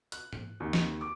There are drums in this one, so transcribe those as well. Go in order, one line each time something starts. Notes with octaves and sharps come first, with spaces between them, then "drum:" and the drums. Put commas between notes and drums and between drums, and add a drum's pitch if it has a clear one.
F#6, drum: hi-hat
drum: tom G#2
D#2
drum: snare
D6